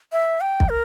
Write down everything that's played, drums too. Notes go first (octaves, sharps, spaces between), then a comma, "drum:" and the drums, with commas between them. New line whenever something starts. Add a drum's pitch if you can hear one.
E5
G5
drum: kick
A#4